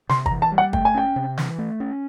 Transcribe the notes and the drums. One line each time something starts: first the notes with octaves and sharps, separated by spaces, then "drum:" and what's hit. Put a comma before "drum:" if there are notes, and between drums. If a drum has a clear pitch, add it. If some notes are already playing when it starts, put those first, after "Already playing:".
C3 C6, drum: snare
A#5, drum: kick
E3
A5
G3
F#5
A3 G5, drum: kick
G#5
C#4 G5
C3
E3, drum: snare
A3
C#4